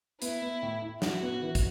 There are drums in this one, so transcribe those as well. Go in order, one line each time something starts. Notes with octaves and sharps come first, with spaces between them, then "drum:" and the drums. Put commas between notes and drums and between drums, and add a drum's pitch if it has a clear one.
B3 E4, drum: hi-hat
B3
A2
E4
E4 F#4, drum: snare
B3
E3
drum: kick, hi-hat